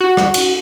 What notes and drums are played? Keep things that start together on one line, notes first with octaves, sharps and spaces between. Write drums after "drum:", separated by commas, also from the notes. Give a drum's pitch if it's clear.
F#4
drum: rim click
drum: cymbal